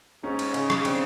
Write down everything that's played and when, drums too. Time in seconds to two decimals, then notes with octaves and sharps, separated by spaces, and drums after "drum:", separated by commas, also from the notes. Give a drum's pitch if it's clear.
0.23 G#2 C#4 D#4
0.39 drum: cymbal
0.54 C#3, drum: cymbal
0.70 drum: rim click
0.85 C4 D4, drum: cymbal